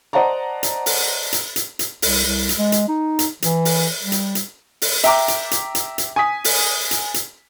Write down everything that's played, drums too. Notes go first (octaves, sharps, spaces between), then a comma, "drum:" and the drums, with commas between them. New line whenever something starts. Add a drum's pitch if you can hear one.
C5 D5 D#5 F#5 A5 A#5
drum: hi-hat
drum: open hi-hat
drum: hi-hat
drum: hi-hat
drum: hi-hat
C2, drum: open hi-hat
C2
drum: hi-hat
G#3
drum: hi-hat
D#4
drum: hi-hat
E3, drum: hi-hat
drum: open hi-hat
G3
drum: hi-hat
drum: hi-hat
drum: open hi-hat
E5 G5 A#5 D6, drum: hi-hat
drum: hi-hat
drum: hi-hat
drum: hi-hat
drum: hi-hat
G#5 D#6 B6
drum: open hi-hat
drum: hi-hat
drum: hi-hat